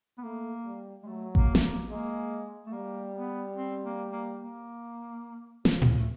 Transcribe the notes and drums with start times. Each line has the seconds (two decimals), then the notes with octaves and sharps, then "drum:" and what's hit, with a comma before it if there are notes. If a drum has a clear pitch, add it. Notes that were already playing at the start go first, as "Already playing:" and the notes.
0.18 B3
0.23 A3 A#3
0.65 G3
1.03 G#3
1.07 F#3 A3
1.35 A#3, drum: kick A1
1.55 A3, drum: snare
1.62 A#3
1.90 G#3 A#3
2.67 A3
2.73 G3 A#3
3.14 B3
3.57 C4
3.84 A#3
4.12 A#3
4.40 A#3
5.65 F3, drum: snare
5.82 drum: tom A2
5.99 A3